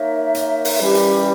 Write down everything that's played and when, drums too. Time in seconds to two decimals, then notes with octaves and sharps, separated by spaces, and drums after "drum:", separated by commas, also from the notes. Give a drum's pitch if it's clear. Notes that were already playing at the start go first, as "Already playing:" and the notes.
Already playing: A#3 D#4 A#4 C#5 E5
0.35 drum: hi-hat
0.65 drum: open hi-hat
0.80 E3 G3 C#4 G4
0.95 drum: hi-hat